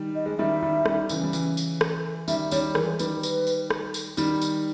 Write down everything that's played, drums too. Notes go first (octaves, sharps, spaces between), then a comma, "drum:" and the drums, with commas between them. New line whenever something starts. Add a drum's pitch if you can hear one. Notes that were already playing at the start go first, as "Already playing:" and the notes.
Already playing: D#3 G3
D#5
G#3
D#3 G3 E5
D#3 G3
D#3 G3, drum: rim click
D#3
C#3 E3, drum: tambourine
G3
C#3 E3, drum: tambourine
drum: tambourine
drum: rim click
D#3 G3 E5, drum: tambourine
D#3 G3 C#5, drum: tambourine
E3 G#3 A#4, drum: rim click
D#3 G3 B4, drum: tambourine
B4, drum: tambourine
drum: tambourine
drum: rim click
drum: tambourine
D#3 G3, drum: tambourine
drum: tambourine